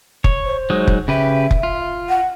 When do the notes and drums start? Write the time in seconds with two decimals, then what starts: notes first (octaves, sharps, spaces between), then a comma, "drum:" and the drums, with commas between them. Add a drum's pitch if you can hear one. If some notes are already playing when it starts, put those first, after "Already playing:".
0.24 C#5, drum: kick F1
0.45 C5
0.70 F#3 G#3 D#4
0.87 drum: kick F1
1.08 C#3 G4 B4 E5
1.51 drum: kick F1
1.63 F4
2.09 F#5